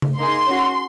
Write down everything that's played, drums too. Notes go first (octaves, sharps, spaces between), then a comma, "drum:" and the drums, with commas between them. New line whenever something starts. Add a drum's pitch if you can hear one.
drum: tom C#3
A#3 D#4 G#4 C6
C#4 F#4